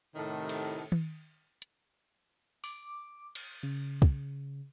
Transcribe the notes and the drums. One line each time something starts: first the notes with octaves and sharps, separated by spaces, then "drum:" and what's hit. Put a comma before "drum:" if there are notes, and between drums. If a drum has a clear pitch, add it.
A2 C3 D#3
drum: cymbal
drum: tom D#3
drum: hi-hat
D6, drum: open hi-hat
drum: cymbal
C#3
drum: kick